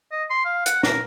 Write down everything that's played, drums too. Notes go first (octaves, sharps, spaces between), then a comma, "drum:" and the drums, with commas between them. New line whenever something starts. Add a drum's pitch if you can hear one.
D#5
C6
F5
F#5, drum: hi-hat
A#4, drum: snare